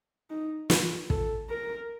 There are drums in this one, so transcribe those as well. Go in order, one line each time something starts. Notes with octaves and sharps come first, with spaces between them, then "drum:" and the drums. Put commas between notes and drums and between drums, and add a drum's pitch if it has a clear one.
D#4
F4, drum: snare
A4, drum: kick
A#4